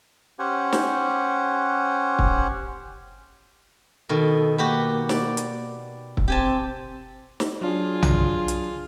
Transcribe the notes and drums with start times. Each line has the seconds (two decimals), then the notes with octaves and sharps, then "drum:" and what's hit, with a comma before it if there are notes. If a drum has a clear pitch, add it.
0.39 C#4 G4 C5 F#5 G#5
0.73 drum: snare
2.19 drum: kick
4.09 B2 D#3 A4
4.58 A#3 F#4 G4 B4
5.09 D5, drum: snare
5.37 drum: hi-hat
6.17 drum: kick
6.28 C4 G4 G#5 A5
7.40 drum: snare
7.61 F#3 D4 F4 G#4
8.02 drum: tom B1
8.48 drum: hi-hat